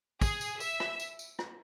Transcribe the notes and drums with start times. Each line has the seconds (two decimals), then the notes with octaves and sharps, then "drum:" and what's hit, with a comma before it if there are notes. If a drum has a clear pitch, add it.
0.22 G#4, drum: kick, tambourine
0.41 drum: tambourine
0.60 E5, drum: tambourine
0.80 drum: rim click
1.00 drum: tambourine
1.19 drum: tambourine
1.39 drum: rim click